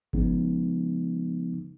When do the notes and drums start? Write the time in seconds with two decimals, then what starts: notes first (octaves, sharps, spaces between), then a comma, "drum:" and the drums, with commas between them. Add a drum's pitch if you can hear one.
0.13 C#3 F3 G#3 B3 D#4, drum: kick G1